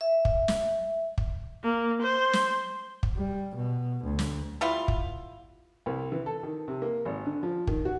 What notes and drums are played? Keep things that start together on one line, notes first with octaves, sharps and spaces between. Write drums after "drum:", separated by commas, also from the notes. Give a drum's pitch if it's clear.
E5
drum: kick
drum: snare
drum: kick
A#3
C5
drum: snare
drum: kick
G3
B2
D2
drum: snare
G3 B3 E4 F4
drum: kick
C2
E3
A4
D#3
C3
A#3
G#1
D3
F3
D#3, drum: kick
F#4